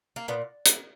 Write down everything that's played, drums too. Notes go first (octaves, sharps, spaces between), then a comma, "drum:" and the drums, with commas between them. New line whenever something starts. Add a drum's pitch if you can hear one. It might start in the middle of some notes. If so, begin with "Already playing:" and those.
A#3
A#2 B3
drum: hi-hat